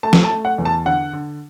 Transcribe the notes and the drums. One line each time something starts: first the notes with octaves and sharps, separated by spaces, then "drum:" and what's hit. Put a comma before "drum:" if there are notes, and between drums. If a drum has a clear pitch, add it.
A3 A5
drum: snare
A5
A3
F#5
E2
A5
D3 F#5
D3